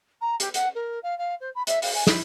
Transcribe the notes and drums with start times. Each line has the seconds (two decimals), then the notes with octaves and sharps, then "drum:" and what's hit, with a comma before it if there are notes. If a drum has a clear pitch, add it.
0.21 A#5
0.40 G4, drum: hi-hat
0.54 F#5, drum: hi-hat
0.75 A#4
1.03 F5
1.18 F5
1.40 C5
1.55 B5
1.67 E5, drum: hi-hat
1.82 F5, drum: open hi-hat
1.94 G#5
2.07 E4, drum: snare